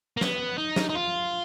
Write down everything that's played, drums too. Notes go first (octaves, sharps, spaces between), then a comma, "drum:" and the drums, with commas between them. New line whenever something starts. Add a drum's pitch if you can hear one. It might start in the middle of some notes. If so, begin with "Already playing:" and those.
A#3
B3, drum: snare
D#4
drum: snare
D#4
F4